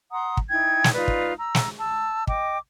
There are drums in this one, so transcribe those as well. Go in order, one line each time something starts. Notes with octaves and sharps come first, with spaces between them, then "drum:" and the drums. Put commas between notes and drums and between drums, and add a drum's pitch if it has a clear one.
F#5 A#5 C6 D#6
drum: kick
D#4 E4 G5 G#6
drum: snare
D#4 F4 B4 D5
drum: kick
A#5 E6
drum: snare
A5 E6
D#5 G5 D6, drum: kick